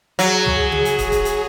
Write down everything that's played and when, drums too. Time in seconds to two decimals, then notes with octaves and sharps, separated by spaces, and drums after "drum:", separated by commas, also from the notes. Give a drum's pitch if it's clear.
0.19 F#3 G#4, drum: hi-hat
0.45 drum: tom
0.72 drum: tom C#3
0.85 drum: hi-hat
0.99 drum: kick, hi-hat
1.12 drum: kick, hi-hat
1.25 drum: hi-hat